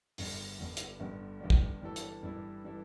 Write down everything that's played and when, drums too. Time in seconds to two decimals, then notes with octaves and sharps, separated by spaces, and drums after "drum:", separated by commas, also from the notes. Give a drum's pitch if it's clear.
0.18 G1 G2 D3 G3, drum: open hi-hat
0.59 G1 G2 D3 G3
0.77 drum: hi-hat
1.00 G1 G2 D3 G3
1.41 G1 G2 D3 G3
1.50 drum: kick
1.81 G2 E3 G3 E4 A4
1.96 drum: hi-hat
2.23 G2 E3 G3 E4 A4
2.64 E3 G3 E4 A4